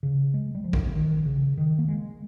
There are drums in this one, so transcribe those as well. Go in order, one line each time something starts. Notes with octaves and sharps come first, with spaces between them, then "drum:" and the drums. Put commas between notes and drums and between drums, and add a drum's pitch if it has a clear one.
C#3
G#3
G3
F3
drum: kick A1
D#3
C#3
D#3
A#3
G#3